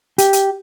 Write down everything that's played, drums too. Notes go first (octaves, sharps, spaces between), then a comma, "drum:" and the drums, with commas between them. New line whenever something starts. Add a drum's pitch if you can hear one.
G4, drum: hi-hat
drum: hi-hat